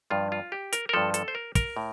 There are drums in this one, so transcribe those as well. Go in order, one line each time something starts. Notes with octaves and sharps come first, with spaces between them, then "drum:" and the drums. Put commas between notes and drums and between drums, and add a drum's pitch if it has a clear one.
G2 F3 F4
F4
G4
A#4, drum: hi-hat
A#4
G2 F3 A4
A4, drum: hi-hat
C5
A#4
A#4, drum: kick, hi-hat
A2